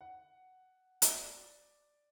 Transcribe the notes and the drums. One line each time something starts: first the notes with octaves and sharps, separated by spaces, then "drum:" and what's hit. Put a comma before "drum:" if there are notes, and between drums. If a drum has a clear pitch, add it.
F#5
D5, drum: hi-hat